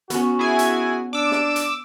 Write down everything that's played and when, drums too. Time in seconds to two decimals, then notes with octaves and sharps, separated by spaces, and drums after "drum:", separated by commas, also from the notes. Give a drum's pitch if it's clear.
0.10 B3 C#4 F#4, drum: hi-hat
0.39 E4 G#4 G#5
0.59 drum: hi-hat
1.13 D4 D6 E6
1.31 drum: snare
1.56 drum: hi-hat